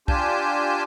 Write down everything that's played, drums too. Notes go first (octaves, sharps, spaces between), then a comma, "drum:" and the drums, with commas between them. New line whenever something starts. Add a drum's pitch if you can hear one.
D4 F4 G4 G#5 A5 G6, drum: kick B1